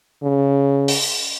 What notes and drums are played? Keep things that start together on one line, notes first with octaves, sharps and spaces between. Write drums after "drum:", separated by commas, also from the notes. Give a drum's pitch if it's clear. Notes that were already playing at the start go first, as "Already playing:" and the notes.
C#3
drum: open hi-hat